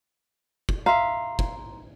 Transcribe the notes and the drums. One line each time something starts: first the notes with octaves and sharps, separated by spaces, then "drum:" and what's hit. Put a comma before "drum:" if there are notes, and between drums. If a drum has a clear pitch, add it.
drum: kick
E5 F5 A#5 C6
drum: kick